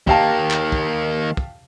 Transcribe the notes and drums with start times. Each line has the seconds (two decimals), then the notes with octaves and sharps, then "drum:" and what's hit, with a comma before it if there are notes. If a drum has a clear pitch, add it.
0.07 D#3 A#3 G4 F5 A5, drum: kick
0.51 drum: clap
0.72 drum: kick
1.37 drum: kick